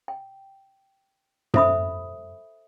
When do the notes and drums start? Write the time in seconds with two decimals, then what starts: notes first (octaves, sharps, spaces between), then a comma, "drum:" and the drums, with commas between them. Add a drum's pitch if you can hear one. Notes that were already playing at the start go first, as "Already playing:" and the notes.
0.08 G5
1.54 A4 C5 E5 B5 D#6, drum: tom F#2